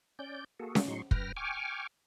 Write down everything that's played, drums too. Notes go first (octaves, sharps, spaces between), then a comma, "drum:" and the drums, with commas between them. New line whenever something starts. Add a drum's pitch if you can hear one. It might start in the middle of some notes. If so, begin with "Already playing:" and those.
C#4 D5 G6
A#3 F#4 G#4 A4
drum: snare C#4
A2 F#3 D#4 C6 C#6
F#2 B4 G5 F6 A#6, drum: kick
G5 G#5 C#6 D6 F6